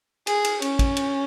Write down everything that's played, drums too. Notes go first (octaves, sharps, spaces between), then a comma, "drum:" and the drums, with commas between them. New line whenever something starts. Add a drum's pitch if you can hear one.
G#4, drum: cymbal
drum: cymbal
C#4, drum: cymbal
drum: kick A1, cymbal
drum: cymbal